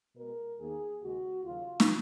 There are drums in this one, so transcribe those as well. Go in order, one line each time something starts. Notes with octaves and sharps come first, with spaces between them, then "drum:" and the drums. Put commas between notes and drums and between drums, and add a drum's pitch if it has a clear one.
B2 G#3 A#4
D#2 D#3 A#3 G#4
D#2 C#3 G#3 F#4
D#2 C#3 F#3 F4
drum: snare